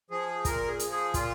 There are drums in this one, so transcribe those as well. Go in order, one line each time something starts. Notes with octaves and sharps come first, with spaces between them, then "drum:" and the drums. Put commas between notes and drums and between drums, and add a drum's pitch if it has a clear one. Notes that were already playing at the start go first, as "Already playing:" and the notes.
F3 G#4
A#2 A#4, drum: kick, hi-hat
G#4
F3, drum: hi-hat
G#4
A#2 F4, drum: kick, hi-hat